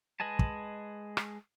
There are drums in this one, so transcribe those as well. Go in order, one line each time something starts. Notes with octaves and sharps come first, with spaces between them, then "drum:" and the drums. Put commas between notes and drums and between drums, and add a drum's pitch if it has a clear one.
G#3 B4 D#5 G#5 A5
drum: kick
drum: rim click